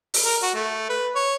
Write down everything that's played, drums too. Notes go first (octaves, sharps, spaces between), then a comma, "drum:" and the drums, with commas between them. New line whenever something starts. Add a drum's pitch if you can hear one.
drum: open hi-hat
A#4
F#4
A3
B4
C#5